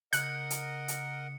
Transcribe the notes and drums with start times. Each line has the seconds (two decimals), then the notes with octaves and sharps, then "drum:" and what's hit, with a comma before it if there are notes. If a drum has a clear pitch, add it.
0.13 C#3 A#4 D#5 F#5 F#6 C#7, drum: hi-hat
0.50 drum: hi-hat
0.88 drum: hi-hat